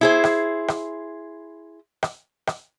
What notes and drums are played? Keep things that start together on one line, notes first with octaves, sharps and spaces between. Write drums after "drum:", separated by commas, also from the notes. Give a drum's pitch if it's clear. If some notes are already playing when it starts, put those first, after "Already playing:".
E4 G#4 C5
drum: rim click
drum: rim click
drum: rim click
drum: rim click